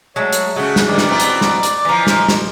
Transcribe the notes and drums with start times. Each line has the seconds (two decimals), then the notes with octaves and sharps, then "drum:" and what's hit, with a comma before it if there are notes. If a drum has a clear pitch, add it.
0.16 F#3 G#3 A3 C#5
0.33 drum: hi-hat
0.56 C#3 G#3 A3 F#4
0.76 drum: snare
0.88 G2 D#3 G3 D5
0.98 drum: snare
1.08 B2 C4 E4 A#4
1.20 drum: hi-hat
1.41 drum: snare
1.63 drum: hi-hat
1.85 E3 F3 D#5 A#5
2.07 drum: snare
2.28 drum: snare